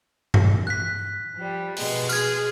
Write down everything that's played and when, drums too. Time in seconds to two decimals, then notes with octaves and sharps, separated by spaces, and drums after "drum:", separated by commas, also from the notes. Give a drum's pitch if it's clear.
0.34 drum: tom G2
0.67 F#6 B6
1.35 F3 G3
1.77 B2 G#3, drum: open hi-hat
2.09 G#4 F6 G#6, drum: tambourine